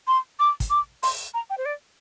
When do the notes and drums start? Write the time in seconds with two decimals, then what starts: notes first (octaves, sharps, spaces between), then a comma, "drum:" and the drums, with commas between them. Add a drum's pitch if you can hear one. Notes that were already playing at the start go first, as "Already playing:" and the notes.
0.08 C6
0.40 D6
0.60 drum: kick, hi-hat
0.70 D6
1.03 C6, drum: open hi-hat
1.34 A#5
1.50 G5
1.58 C5
1.65 D5